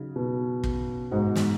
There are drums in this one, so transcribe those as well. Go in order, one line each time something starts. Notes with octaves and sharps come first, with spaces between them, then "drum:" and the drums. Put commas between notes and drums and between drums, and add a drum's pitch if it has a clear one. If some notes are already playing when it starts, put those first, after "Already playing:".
Already playing: C#3 F#3 D#4
B2
drum: kick
G#2 B2 G#3 D#4 F#4
drum: snare